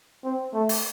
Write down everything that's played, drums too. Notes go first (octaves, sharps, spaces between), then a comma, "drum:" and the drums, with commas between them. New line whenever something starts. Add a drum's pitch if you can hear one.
C4
A3
drum: open hi-hat